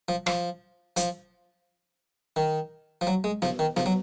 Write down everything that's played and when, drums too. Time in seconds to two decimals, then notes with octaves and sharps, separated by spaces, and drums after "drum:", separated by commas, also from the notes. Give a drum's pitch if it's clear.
0.08 F3
0.26 F3, drum: rim click
0.96 F3, drum: hi-hat
2.36 D#3
3.01 F3
3.07 F#3
3.24 G#3
3.42 F3, drum: snare B3
3.59 D#3
3.77 F3, drum: snare B3
3.86 F#3